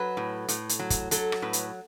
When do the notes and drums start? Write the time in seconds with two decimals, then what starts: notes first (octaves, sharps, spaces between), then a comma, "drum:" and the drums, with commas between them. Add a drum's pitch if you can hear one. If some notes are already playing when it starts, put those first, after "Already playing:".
Already playing: F#3 B4
0.17 A2
0.48 A2, drum: hi-hat
0.69 drum: hi-hat
0.79 F#3
0.90 drum: kick, hi-hat
1.11 F#3 A4, drum: hi-hat
1.32 drum: rim click
1.42 A2 B4
1.53 drum: hi-hat